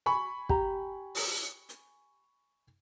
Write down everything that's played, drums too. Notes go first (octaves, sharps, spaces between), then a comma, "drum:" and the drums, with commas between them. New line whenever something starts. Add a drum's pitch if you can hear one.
G#5 B5 C#6
G4 A#5, drum: kick
drum: open hi-hat
drum: hi-hat